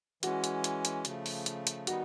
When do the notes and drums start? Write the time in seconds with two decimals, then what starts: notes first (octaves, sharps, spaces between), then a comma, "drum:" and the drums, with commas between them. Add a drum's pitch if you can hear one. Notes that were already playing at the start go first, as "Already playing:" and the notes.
0.23 E3 G#3 C#4 F#4, drum: hi-hat
0.44 drum: hi-hat
0.64 drum: hi-hat
0.85 drum: hi-hat
1.05 C#3 F3 A3, drum: hi-hat
1.26 drum: open hi-hat
1.46 drum: hi-hat
1.67 drum: hi-hat
1.87 D#3 G3 B3 D#4 F#4, drum: hi-hat